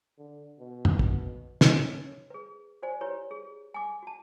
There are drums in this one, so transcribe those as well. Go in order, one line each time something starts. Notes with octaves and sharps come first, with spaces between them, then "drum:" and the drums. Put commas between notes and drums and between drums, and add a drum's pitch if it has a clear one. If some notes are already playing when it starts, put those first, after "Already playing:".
D3
B2
drum: tom
drum: kick
C#4, drum: snare
G#4 B4
F#4 C5 D5 G#5
E4 G4 B4 C#5
G#4
G#5 D6
F#4 A5